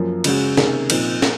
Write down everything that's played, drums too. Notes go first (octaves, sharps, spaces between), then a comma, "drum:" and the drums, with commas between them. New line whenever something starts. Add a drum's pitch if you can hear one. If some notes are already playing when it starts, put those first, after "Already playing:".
Already playing: F#2 F3 A#3
C#3 G#3 C#4 F#4, drum: cymbal
C3 D#3 A#3 C#4 G#4, drum: snare
A#2 F3 C4 D#4, drum: cymbal
A#3, drum: snare